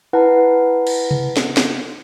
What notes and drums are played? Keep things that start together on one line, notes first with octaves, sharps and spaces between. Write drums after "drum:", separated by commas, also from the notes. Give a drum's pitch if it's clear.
E4 B4 F#5 A5
drum: cymbal
drum: tom C3
drum: snare
drum: snare